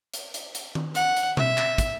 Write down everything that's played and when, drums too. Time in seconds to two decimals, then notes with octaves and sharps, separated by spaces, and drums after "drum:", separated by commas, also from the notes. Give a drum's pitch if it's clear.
0.14 drum: hi-hat
0.34 drum: hi-hat
0.55 drum: hi-hat
0.75 drum: tom D#3
0.95 F#5, drum: hi-hat
1.17 drum: hi-hat
1.37 E5, drum: tom B2
1.58 drum: clap
1.78 drum: kick, hi-hat